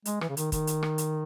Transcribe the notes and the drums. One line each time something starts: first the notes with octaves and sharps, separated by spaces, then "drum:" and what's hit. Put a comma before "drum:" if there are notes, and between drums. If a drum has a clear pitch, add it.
G#3, drum: hi-hat
E3, drum: rim click
C#3
D#3, drum: hi-hat
D#3, drum: kick, hi-hat
drum: hi-hat
drum: rim click
drum: hi-hat